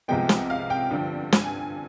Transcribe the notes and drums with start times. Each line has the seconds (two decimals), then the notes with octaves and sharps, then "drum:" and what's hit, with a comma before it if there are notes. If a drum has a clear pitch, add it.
0.08 C2 C3 F3 G#3 B3 G5
0.29 drum: snare
0.50 F5
0.70 G5
0.91 G2 D3 F3
1.32 G#5, drum: snare